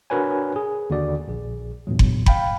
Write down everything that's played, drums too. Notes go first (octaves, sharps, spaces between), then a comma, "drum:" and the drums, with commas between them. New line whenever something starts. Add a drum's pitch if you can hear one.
D4 F#4 A#4 B4 C#5 G#5
G#4
D#2 D3 F#4 D5
A#1 G#4
E2 G2 A#2 F#3
drum: kick F#1
F5 G5 B5, drum: kick F#1